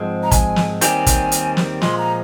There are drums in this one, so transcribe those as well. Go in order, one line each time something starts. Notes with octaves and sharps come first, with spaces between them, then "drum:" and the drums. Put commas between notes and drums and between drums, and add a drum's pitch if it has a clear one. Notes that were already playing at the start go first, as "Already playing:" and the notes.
Already playing: G#2 F3 G#3 C4
A#5
G#5, drum: kick, hi-hat
drum: snare
D#2 D#3 G3 C4 G4 G#5, drum: hi-hat
drum: kick, hi-hat
drum: hi-hat
drum: snare
A#2 F3 G#3 C6, drum: snare
A#5